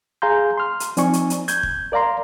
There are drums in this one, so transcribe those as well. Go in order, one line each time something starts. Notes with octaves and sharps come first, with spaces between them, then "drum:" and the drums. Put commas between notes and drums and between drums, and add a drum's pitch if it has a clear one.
G#4 F5 G#5 A#5 C6 G6
C6 F6
drum: hi-hat
F3 C4 D#4 D5 G#5 C#6, drum: hi-hat
drum: hi-hat
drum: hi-hat
G6 G#6, drum: hi-hat
drum: kick
A#4 D5 F5 A#5 C6